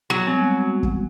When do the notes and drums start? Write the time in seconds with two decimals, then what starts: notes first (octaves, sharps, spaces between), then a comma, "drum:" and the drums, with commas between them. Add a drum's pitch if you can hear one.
0.10 F#3
0.27 G3 G#3 B3 C4
0.83 drum: kick